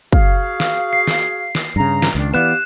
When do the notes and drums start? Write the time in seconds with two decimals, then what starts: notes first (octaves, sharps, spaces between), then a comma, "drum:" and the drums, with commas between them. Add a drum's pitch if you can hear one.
0.13 F#4 G#4 F5, drum: kick
0.60 drum: snare
0.93 C7
1.07 drum: snare
1.55 drum: snare
1.76 G2 C#3 A#5
2.02 drum: snare
2.15 C#2 D#3 D4
2.34 E3 B3 G4 D5 F5 F#6 E7